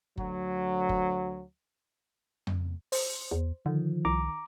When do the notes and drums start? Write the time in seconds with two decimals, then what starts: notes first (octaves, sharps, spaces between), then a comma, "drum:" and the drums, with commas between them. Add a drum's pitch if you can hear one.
0.17 D2 F#3, drum: kick F#1
0.89 drum: kick F#1
2.47 drum: tom F2
2.92 C5, drum: open hi-hat
3.31 E2
3.66 D3 D#3 F3
4.05 C2 A#5 D6